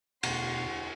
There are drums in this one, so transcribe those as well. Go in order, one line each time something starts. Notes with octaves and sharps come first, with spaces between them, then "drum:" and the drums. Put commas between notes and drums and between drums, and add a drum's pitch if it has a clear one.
E1 D2 B2 F#5 C6 C#6, drum: cymbal